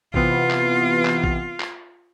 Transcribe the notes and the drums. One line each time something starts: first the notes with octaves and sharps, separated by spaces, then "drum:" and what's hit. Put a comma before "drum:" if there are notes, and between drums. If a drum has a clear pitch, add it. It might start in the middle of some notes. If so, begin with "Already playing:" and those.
C3 E3 B3 F4, drum: kick A#1
drum: clap
drum: clap
drum: kick A#1
drum: clap